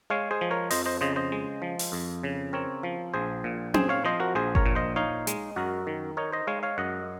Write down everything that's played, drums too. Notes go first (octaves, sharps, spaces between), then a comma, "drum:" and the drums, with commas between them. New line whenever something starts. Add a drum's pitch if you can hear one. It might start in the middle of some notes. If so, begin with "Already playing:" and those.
G#3 C#5 F5
G#4 C5
F3
A#4 C#5
F2 C5 D#5, drum: open hi-hat
C5 D#5
C#3 C5 D#5
C5 D#5
G#3
F3
drum: open hi-hat
F2
C#3
C4 A#4 C#5
F3
A#1 G#4 C5
A#2
C4 G#4 C5, drum: tom C#4
C#5 F5
F3 C5 D#5
F#4 A#4
A#1 G#4 C5
A#4 C#5, drum: kick G1
A#2
C5 D#5
D#4 C#5 F5
G#3, drum: hi-hat
F#2 F#4 A#4
D#3
D#4 A#4 C#5
C5 D#5
G#3 C#5 F5
C#5 F5
F#2 D#5 F#5